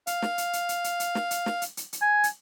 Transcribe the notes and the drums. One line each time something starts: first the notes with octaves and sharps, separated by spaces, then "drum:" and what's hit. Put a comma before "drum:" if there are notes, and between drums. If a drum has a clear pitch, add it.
F5, drum: hi-hat
drum: snare
drum: hi-hat
drum: hi-hat
drum: hi-hat
drum: hi-hat
drum: hi-hat
drum: snare
drum: hi-hat
drum: snare
drum: hi-hat
drum: hi-hat
drum: hi-hat
G#5
drum: hi-hat